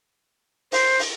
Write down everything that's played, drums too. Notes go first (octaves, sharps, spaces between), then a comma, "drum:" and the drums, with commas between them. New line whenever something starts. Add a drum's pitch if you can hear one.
C5, drum: open hi-hat
drum: open hi-hat